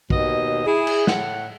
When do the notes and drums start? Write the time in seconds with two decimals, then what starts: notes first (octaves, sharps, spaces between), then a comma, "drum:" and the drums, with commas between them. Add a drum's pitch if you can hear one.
0.10 D#2 B2 D#5, drum: kick
0.66 E4 G#4
0.87 drum: cymbal
1.07 A2 F#5, drum: snare